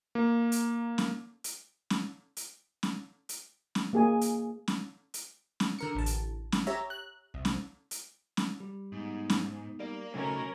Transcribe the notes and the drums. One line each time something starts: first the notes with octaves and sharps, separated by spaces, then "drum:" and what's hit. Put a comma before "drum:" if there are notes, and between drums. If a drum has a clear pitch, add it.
A#3
drum: hi-hat
drum: snare C#4
drum: hi-hat
drum: snare C#4
drum: hi-hat
drum: snare C#4
drum: hi-hat
drum: snare C#4
A#3 G#4 G#5
drum: hi-hat
drum: snare C#4
drum: hi-hat
drum: snare C#4
D3 A#4 C#7
A1 A5
drum: hi-hat
drum: snare C#4
G4 C#5 E5 A#5
F#6
C2
drum: snare C#4
drum: hi-hat
drum: snare C#4
G3
G#2 B3 D#4
drum: snare C#4
G3 A#3 D5
C#3 F#3 A3 C#4 D#4 A#4